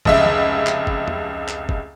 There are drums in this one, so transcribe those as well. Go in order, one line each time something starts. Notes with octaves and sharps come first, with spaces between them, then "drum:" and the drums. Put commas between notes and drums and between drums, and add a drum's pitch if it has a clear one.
F1 C#2 E5, drum: kick
drum: tom D3
drum: clap
drum: kick
drum: tom E2
drum: clap
drum: kick